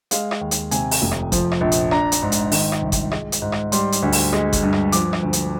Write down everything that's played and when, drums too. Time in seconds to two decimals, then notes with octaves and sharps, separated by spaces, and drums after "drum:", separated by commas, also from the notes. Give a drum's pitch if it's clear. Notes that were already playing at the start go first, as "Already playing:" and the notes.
0.11 G#3 F5, drum: hi-hat
0.31 drum: rim click
0.41 D#2
0.51 drum: hi-hat
0.71 C3 G#5, drum: hi-hat
0.91 drum: open hi-hat
1.02 F1
1.11 drum: rim click
1.32 F3, drum: kick G1, hi-hat
1.52 drum: rim click
1.61 A#1
1.72 drum: hi-hat
1.91 D4 A#5, drum: rim click
2.12 drum: hi-hat
2.22 G#2
2.32 drum: hi-hat
2.52 D#3, drum: open hi-hat
2.72 drum: rim click
2.82 C2
2.92 drum: kick G1, hi-hat
3.11 G#3, drum: rim click
3.32 drum: hi-hat
3.42 G#2
3.52 drum: rim click
3.72 G3 C6, drum: hi-hat
3.92 drum: hi-hat
4.02 D2
4.12 drum: open hi-hat
4.33 G#3, drum: rim click
4.53 drum: kick G1, hi-hat
4.63 G2
4.73 drum: rim click
4.92 F3 D6, drum: hi-hat
5.13 drum: rim click
5.23 D2
5.33 drum: hi-hat